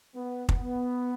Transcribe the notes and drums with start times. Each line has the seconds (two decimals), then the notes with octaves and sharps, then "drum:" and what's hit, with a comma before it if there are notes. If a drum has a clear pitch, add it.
0.16 B3
0.49 B3, drum: kick